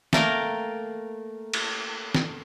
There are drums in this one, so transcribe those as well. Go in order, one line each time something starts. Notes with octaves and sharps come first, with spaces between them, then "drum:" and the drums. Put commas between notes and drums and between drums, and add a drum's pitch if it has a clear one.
A3 A#3 A#4 G5, drum: snare
drum: cymbal
drum: snare